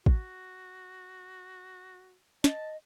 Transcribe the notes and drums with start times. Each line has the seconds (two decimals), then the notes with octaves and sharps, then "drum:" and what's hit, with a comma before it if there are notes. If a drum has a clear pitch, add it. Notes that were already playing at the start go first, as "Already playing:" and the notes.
0.06 F#4, drum: kick
2.44 D#5 A5, drum: snare